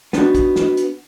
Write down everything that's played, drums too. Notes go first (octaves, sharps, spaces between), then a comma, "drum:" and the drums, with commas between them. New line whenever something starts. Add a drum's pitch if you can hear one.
B3 D4 D#4 F#4, drum: snare
drum: kick, hi-hat
drum: snare
drum: hi-hat